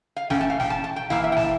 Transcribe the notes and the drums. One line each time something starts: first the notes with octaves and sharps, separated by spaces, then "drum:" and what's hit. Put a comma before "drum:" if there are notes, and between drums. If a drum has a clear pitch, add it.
F5
E3 A3 C#4 G5, drum: snare
A5
F5
G5, drum: snare
A5
A5
G5
E3 A#3 E4 F5, drum: snare
E5
G5
A5, drum: snare